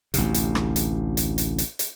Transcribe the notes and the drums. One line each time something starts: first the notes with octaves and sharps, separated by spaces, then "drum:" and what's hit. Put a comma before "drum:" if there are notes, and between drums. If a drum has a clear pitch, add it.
A1 D2 C3, drum: hi-hat
drum: hi-hat
drum: rim click
drum: hi-hat
drum: hi-hat
drum: hi-hat
drum: hi-hat
drum: hi-hat